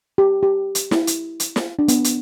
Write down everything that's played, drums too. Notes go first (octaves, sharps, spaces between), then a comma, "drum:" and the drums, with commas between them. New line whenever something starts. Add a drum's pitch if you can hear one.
G4
G4
drum: hi-hat
E4, drum: snare
drum: hi-hat
drum: hi-hat
drum: snare
D4
B3, drum: hi-hat
drum: hi-hat